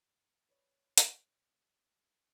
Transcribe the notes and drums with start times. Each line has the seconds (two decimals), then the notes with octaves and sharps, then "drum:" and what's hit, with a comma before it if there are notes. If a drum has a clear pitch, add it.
0.49 B4 C#5 D5
0.98 drum: hi-hat